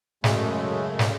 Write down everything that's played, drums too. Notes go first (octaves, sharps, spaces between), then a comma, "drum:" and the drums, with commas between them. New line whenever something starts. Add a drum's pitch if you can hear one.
F#2 C#3 G#3 A3, drum: snare
drum: snare